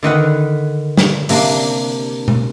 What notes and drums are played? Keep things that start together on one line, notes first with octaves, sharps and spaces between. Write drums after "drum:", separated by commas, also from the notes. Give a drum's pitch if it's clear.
D3 D#3 B4 F#5
drum: snare
C3 A#3 D4, drum: open hi-hat
drum: tom B2